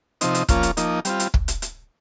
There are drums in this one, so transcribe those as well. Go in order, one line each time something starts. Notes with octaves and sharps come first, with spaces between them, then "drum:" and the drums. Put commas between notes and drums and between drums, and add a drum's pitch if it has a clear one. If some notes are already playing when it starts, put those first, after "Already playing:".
C3 F3 C4 D#4, drum: hi-hat
drum: hi-hat
F3 A#3 C#4 F4, drum: kick, hi-hat
drum: hi-hat
F3 A#3 D#4, drum: hi-hat
G3 C4 F4, drum: hi-hat
drum: hi-hat
drum: kick
drum: hi-hat
drum: hi-hat